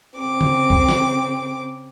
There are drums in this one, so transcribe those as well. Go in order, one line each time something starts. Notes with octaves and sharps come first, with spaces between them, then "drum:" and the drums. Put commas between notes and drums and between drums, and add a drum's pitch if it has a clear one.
C#3 C4 D6
drum: tom C#3
drum: kick B1
drum: snare